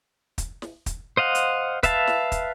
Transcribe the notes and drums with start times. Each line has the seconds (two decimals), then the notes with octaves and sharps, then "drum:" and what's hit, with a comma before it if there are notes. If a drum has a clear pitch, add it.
0.38 drum: kick, hi-hat
0.62 drum: snare
0.86 drum: kick, hi-hat
1.17 C5 D#5 F5 F#5
1.35 drum: hi-hat
1.83 B4 E5 F5 A5, drum: kick, hi-hat
2.07 drum: snare
2.32 drum: kick, hi-hat